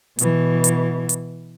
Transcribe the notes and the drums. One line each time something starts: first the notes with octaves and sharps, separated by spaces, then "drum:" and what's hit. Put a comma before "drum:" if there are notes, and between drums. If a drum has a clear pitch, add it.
B2 E3, drum: hi-hat
drum: hi-hat
drum: hi-hat